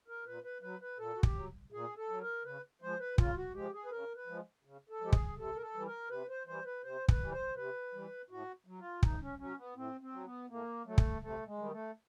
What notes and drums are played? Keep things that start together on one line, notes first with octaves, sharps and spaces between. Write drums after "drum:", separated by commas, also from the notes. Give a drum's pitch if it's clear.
A#4
A#2 B4
B4
F#3 B4
B4
A#2 A4
F#4
G4, drum: kick
F#3
A#2 G#4
A4
F#3
A#4
C#3 B4
F3 G#3 C5
B4
C#3 F4, drum: kick
F#4
F3 G#3 G4
G#4
B4
C#3 A#4
B4
F3 G#3
C#3
A4
F3 G#3 G4
G#4, drum: kick
C3 A4
A#4
A4
E3 G3
A#4
C3 B4
C5
E3 G3 C5
B4
C3 C5
B4, drum: kick
E3 G3
C5
C3 B4
E3 G3
A2 F#4
F#3
F4
A2 D#4, drum: kick
C#4
F#3 C#4
B3
A2 C4
C4
F#3
B3
A2 A#3
F#3 A3
drum: kick
C3 A3
G#3
D#3 G3
A3